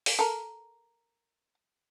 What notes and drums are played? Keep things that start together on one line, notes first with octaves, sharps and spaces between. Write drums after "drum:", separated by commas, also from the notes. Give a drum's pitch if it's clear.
drum: open hi-hat
A4 A#4